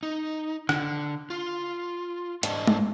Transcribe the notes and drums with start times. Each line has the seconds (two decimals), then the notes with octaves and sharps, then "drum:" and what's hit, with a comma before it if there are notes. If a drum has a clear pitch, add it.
0.03 D#4
0.69 D3, drum: rim click
1.30 F4
2.43 G#2 G#3 D4 D#5 A5, drum: hi-hat
2.67 drum: tom G#3